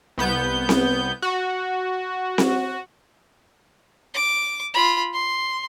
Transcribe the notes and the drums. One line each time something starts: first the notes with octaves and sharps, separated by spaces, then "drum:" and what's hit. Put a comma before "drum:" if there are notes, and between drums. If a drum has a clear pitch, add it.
C2 B3 G6
drum: snare C4
F#4
drum: snare C4
D6
F4 B5
C6